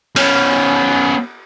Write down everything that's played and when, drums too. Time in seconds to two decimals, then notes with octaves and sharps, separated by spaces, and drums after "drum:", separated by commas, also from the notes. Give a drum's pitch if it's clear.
0.16 B3 C#4, drum: cymbal